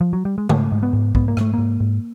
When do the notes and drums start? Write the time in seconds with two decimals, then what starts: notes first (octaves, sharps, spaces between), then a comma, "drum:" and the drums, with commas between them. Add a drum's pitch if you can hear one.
0.01 F3
0.13 F#3
0.25 G3
0.38 G#3
0.49 G#2 A3, drum: tom C#3
0.72 G#2
0.83 B3
0.93 G#2
1.15 G#2 B3, drum: kick
1.28 A#3
1.37 G#2 A3, drum: rim click
1.54 G#2 A#3
1.80 G#2